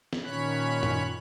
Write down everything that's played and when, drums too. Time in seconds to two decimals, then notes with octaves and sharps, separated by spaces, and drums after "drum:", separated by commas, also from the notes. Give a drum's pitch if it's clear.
0.13 drum: snare
0.23 A#2 D#3 C#4 C#5 B5 F#6
0.83 drum: tom